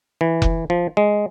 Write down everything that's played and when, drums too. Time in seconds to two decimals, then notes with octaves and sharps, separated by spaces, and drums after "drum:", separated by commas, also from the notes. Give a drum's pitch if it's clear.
0.21 E3
0.42 drum: kick F1
0.70 F3
0.97 G#3